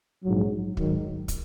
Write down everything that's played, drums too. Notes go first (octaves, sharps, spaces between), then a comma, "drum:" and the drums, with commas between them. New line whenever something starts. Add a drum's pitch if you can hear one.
A#1 G#2 F#3
G#2 D#3 F#3, drum: kick
drum: kick, hi-hat